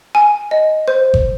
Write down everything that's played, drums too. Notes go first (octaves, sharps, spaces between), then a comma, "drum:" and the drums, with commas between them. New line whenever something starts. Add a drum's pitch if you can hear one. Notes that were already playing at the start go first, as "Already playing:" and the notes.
G#5
D#5
C5
drum: kick G1